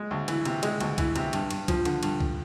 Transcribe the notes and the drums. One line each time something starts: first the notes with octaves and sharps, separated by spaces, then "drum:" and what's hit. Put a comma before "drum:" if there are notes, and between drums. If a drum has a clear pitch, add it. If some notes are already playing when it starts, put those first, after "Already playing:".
Already playing: G#3
D2
E3, drum: cymbal
C3, drum: cymbal
G#3, drum: cymbal
D2, drum: cymbal
E3, drum: kick, cymbal
C3, drum: cymbal
G2, drum: cymbal
G2, drum: cymbal
F3, drum: kick, cymbal
D3, drum: cymbal
G2, drum: cymbal
drum: kick